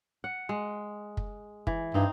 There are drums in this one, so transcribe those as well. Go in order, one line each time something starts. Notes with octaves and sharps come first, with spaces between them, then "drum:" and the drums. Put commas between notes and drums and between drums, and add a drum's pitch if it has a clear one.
F#5
G#3
drum: kick
E3, drum: kick
G2 C4 D#4